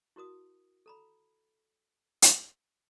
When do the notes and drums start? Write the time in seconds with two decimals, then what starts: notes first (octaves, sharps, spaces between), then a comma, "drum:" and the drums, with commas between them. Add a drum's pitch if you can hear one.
0.16 E4 F#4 A#4 D#6
0.86 A4 A#5 B5
2.22 drum: hi-hat